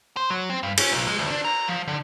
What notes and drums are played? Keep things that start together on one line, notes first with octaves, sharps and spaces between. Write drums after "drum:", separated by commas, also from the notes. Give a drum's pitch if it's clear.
C5
F#3
C4
G2
C#4, drum: cymbal
B1
G#3
D2
D4
A#5
F3
D3